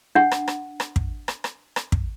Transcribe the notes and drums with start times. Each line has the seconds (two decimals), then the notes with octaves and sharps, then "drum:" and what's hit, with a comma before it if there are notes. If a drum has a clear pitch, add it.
0.15 D4 F#5
0.31 drum: rim click
0.48 drum: rim click
0.80 drum: rim click
0.96 drum: kick
1.28 drum: rim click
1.44 drum: rim click
1.76 drum: rim click
1.92 drum: kick